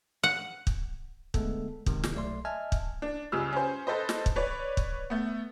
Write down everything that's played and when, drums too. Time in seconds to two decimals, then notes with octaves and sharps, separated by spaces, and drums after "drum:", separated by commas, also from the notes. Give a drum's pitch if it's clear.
0.23 F#5
0.67 drum: kick
1.34 D3 G#3 A3 B3 A4, drum: kick
1.86 C3 D#3 G#3, drum: kick
2.04 drum: snare
2.14 B1 A3 D5 C6
2.45 D#5 E5 G#5 A5 F6 G#6
2.72 drum: kick
3.02 D4
3.32 C#2 C#3 G3 E6 F6
3.53 C#4 C5
3.87 A4 B4 C5 D#5
4.09 drum: snare
4.26 drum: kick
4.36 B4 C#5 D5
4.77 drum: kick
5.10 A3 B3